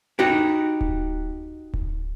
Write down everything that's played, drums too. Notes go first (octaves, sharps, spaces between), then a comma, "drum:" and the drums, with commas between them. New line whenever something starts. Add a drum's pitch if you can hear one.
D#4 F#4 G4
drum: kick D1
drum: kick D1